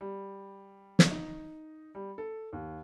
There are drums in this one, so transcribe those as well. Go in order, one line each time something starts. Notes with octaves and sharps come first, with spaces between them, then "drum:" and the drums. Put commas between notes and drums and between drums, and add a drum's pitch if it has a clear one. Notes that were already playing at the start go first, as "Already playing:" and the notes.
G3
drum: snare
D#4
G3
A4
D#2